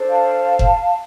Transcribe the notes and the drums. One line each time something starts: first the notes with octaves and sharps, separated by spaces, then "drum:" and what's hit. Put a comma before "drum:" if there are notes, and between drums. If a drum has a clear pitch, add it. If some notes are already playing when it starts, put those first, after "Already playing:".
Already playing: D4 A4 C5
F5 A5
drum: kick F#1